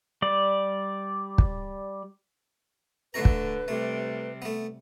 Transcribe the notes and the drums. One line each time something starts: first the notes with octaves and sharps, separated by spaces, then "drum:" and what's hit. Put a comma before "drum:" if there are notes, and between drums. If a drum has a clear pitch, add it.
G3 D5
drum: kick
D3 A3 B4 C#5 A#5
drum: kick
C3 G3 A3
A3 B3